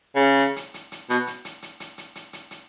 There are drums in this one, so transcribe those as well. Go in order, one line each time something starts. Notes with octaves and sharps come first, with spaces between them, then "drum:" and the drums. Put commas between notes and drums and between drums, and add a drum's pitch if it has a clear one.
C#3
drum: hi-hat
drum: hi-hat
drum: hi-hat
drum: hi-hat
B2, drum: hi-hat
drum: hi-hat
drum: hi-hat
drum: hi-hat
drum: hi-hat
drum: hi-hat
drum: hi-hat
drum: hi-hat
drum: hi-hat